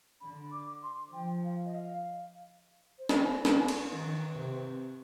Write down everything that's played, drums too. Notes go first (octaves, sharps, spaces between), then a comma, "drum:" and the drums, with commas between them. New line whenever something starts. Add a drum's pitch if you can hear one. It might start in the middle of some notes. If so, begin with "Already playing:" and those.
D3 B5
D6
C6
F3 G5
F5
D#5
F5
C5
drum: snare
drum: snare
drum: cymbal
D#3 B4
C3